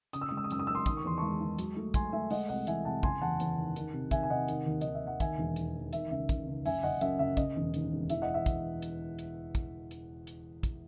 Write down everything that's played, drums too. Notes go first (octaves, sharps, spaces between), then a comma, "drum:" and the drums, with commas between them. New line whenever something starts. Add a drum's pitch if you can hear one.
C#3 D#6, drum: hi-hat
E6
D#6
G#3
E6
D#6
F#2 E6, drum: hi-hat
D#6
F#2 E6
C6 D#6
D#3 D#6, drum: kick, hi-hat
C#6
E2 C6
G#3 A5 C#6
G#3
F#3, drum: hi-hat
A3
F#3 G#5 C6, drum: kick, hi-hat
A3 E5 G#5
G#3 D#5 F#5, drum: open hi-hat
C2 D#5 F#5
E3 E5 G#5, drum: hi-hat
C2 F#5 A5
F#1 G#5 C6, drum: kick
E2 F#5 A5
E2, drum: hi-hat
D#3
D#3, drum: hi-hat
C3
D#3 E5 G#5, drum: kick, hi-hat
G#5
C3 D#5 F#5
D#3, drum: hi-hat
D#2
D#2 D#5, drum: hi-hat
E5
D#2 F#5
D#3 E5 G#5, drum: kick, hi-hat
E1
E2, drum: hi-hat
E2
D#3 E5, drum: hi-hat
C#2 E5
C#2, drum: kick, hi-hat
C#2
F#1 E5 G#5, drum: open hi-hat
F#1 D#5 F#5
F#2 E5, drum: hi-hat
F#1 E5
C#3 D#5, drum: kick, hi-hat
E1
D#2, drum: hi-hat
E1
E3 E5, drum: hi-hat
D#5 F#5
E5
drum: kick, hi-hat
drum: hi-hat
drum: hi-hat
drum: kick, hi-hat
drum: hi-hat
drum: hi-hat
drum: kick, hi-hat